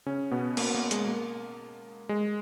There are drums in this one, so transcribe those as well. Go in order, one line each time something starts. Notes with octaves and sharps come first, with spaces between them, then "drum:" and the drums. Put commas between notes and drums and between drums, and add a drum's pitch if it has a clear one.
C#3 C#4
B2 B3
A#3, drum: cymbal
A#3
G#3, drum: hi-hat
A#3
G#3